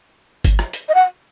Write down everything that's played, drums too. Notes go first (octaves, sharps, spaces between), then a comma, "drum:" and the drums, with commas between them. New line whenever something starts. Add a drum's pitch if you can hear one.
drum: kick G1, hi-hat
drum: rim click
drum: hi-hat
D#5
F#5